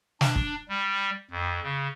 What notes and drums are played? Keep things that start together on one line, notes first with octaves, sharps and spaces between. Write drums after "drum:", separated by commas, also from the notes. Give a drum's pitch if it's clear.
D4, drum: snare
drum: kick
G3
F2
C#3